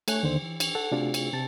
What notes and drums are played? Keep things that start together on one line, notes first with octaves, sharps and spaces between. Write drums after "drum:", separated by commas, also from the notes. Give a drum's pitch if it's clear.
A3 C#5 G#5 F#6, drum: cymbal
D#2 D3 D#3 C5
E3
drum: cymbal
A4 F#5
C3 A3 D4 F4 F#4 G#4
drum: cymbal
C3 A5 A6